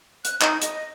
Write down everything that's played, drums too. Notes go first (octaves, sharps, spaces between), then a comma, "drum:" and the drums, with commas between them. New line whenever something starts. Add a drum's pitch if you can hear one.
F#6, drum: hi-hat
D#4, drum: clap
D#5, drum: hi-hat